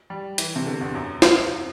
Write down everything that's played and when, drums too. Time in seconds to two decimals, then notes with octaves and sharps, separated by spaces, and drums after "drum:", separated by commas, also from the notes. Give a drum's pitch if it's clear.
0.10 G3
0.38 E3, drum: hi-hat
0.56 C3
0.66 D3
0.81 E2
0.95 F#2
1.22 drum: snare